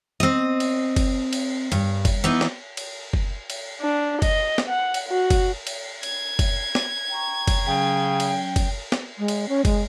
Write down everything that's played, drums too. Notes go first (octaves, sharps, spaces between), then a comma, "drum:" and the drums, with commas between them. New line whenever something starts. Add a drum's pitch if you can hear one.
C4 D#5
drum: cymbal
drum: kick F#1, cymbal
drum: cymbal
G2, drum: cymbal
drum: kick F#1, cymbal
E3 B3 D#4
drum: snare
drum: cymbal
drum: kick F#1
drum: cymbal
D4
D#5, drum: kick F#1, cymbal
drum: snare
F#5
drum: cymbal
F#4
drum: kick F#1, cymbal
drum: cymbal
G#6, drum: cymbal
drum: kick F#1, cymbal
drum: snare
G5 A#5 C#6
drum: kick F#1, cymbal
C#3 F#3 C#4 G5
drum: cymbal
drum: kick F#1, cymbal
drum: snare
G#3
drum: cymbal
C#4
G#3, drum: kick F#1, cymbal